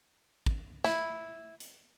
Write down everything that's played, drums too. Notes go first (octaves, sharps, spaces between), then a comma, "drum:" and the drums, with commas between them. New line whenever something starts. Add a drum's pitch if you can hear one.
drum: kick
E4, drum: snare
drum: hi-hat